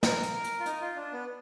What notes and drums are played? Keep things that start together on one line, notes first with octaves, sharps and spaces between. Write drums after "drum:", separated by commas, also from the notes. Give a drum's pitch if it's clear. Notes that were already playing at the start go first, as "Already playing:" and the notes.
A#4, drum: snare
drum: hi-hat
drum: hi-hat
F4
D#4, drum: hi-hat
F4
D4
B3